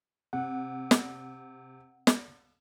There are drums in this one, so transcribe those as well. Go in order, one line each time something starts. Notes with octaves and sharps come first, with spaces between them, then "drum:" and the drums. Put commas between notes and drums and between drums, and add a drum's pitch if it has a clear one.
C3 F#5
drum: snare
drum: snare